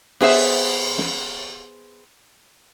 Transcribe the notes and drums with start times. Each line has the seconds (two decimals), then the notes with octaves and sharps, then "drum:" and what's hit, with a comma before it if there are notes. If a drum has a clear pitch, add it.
0.21 B3 G#4 C5 E5, drum: cymbal
0.98 drum: snare